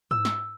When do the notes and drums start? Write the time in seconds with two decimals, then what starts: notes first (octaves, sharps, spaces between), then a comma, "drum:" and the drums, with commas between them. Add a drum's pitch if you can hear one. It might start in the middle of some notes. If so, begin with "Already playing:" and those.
0.11 E6, drum: tom G#2
0.25 drum: snare